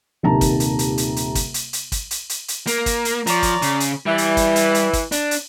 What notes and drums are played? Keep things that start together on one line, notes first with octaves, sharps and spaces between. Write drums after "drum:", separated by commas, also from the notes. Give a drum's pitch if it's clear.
D#1 C3 D#3 A5 A#5
drum: kick, hi-hat
drum: hi-hat
drum: hi-hat
drum: hi-hat
drum: hi-hat
drum: kick, hi-hat
drum: hi-hat
drum: hi-hat
drum: kick, hi-hat
drum: hi-hat
drum: hi-hat
drum: hi-hat
A#3, drum: hi-hat
drum: kick, hi-hat
drum: hi-hat
F3 C#5 D5 A#5, drum: hi-hat
drum: kick, hi-hat
C#3, drum: hi-hat
drum: hi-hat
E3 G3
drum: hi-hat
drum: kick, hi-hat
drum: hi-hat
drum: hi-hat
drum: kick, hi-hat
D4, drum: hi-hat
drum: hi-hat